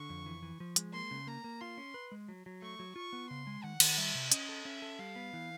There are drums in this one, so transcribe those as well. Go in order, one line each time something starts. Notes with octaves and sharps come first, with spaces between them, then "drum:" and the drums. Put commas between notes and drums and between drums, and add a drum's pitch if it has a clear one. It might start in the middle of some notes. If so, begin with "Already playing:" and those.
Already playing: D3 C#6
F2
E3
E3
F3
G#3, drum: hi-hat
A#3 C6
C#3
A#3 A#5
A#3
F4 C6
C#4
B4
G#3
F#3
F#3
A3 C#6
F#3
F4 C#6
B3
C#3 C6
G#3
D#3 F#5
D#3, drum: cymbal
G3 E5
C3
C#4 D#5, drum: hi-hat
A4
C#4 E5
A4
G3 F5
B3
E3